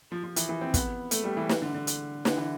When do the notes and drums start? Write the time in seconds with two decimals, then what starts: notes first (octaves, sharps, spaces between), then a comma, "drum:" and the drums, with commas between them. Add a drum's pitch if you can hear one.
0.12 F3
0.23 F3
0.36 E3, drum: hi-hat
0.49 E3
0.61 C4
0.74 B3, drum: kick, hi-hat
1.11 A3, drum: hi-hat
1.24 G3
1.37 E3
1.49 drum: snare
1.62 D3
1.74 D3
1.87 drum: hi-hat
2.25 D3, drum: snare
2.37 E3